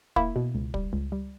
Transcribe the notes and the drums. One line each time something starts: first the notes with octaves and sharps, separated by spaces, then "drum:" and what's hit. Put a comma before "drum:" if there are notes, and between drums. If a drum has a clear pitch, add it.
A#3 E4, drum: kick
B2
C#2
G3, drum: kick
C#2
G3